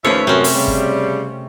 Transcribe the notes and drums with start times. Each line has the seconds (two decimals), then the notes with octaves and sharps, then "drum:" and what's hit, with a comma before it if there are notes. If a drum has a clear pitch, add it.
0.05 D#2 F3 A3 C#4 B4 C#5 E5
0.27 F#2 C3 C4 C#4
0.44 drum: open hi-hat
0.55 C#3 G3
0.67 drum: kick